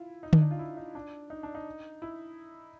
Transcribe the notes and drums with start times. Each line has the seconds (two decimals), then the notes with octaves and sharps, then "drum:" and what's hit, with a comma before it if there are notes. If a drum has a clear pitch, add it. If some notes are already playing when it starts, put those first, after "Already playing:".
Already playing: E4 F4
0.23 D#4
0.33 D4, drum: tom D3
0.42 D#4
0.51 F4
0.59 E4
0.77 D#4
0.95 D4
1.30 D#4
1.43 D4
1.55 D#4
2.02 E4